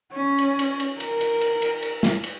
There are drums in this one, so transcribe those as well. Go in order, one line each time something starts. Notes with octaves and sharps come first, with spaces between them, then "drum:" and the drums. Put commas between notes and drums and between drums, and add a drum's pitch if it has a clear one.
C#4
drum: cymbal
drum: cymbal
drum: cymbal
A#4, drum: cymbal
drum: cymbal
drum: cymbal
drum: cymbal
drum: cymbal
drum: snare
drum: cymbal